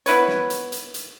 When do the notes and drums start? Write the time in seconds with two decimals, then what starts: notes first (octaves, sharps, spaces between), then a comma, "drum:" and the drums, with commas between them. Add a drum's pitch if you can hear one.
0.06 B3 E4 B4 C#5, drum: hi-hat
0.28 drum: snare
0.50 drum: hi-hat
0.72 drum: hi-hat
0.94 drum: hi-hat